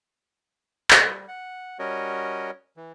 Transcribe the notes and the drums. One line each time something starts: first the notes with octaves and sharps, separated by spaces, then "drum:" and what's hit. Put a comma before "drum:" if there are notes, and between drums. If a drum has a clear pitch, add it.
G3, drum: clap
F#5
G3 C#4 F#4 A#4 C#5 D#5
E3